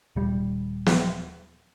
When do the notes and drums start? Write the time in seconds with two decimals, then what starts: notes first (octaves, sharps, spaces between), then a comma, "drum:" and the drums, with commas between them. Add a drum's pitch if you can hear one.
0.16 D#1 G3
0.86 drum: snare